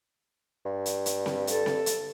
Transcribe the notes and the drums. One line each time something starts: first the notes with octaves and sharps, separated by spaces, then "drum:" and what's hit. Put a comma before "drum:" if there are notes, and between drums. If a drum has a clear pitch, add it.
G2
drum: hi-hat
drum: hi-hat
drum: snare C4
A4, drum: hi-hat
drum: snare C4
drum: hi-hat